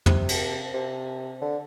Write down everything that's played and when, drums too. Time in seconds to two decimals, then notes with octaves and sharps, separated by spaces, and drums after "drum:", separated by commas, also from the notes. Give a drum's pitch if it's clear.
0.06 C3, drum: tom
0.29 drum: cymbal
0.74 C3
1.42 D3